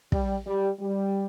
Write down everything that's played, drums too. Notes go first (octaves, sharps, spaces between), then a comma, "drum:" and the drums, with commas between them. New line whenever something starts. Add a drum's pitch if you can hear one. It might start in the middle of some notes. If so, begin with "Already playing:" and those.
G3, drum: kick
G3
G3